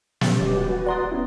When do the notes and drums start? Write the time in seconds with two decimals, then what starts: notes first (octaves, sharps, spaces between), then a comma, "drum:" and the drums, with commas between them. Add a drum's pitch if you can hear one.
0.21 D3 G3 C#4 A6, drum: snare
0.41 D#1 E3 G#3 G4
0.57 F#4 B4
0.87 D5 F#5 A#5 C6 D#6
1.11 B3 C#4 E4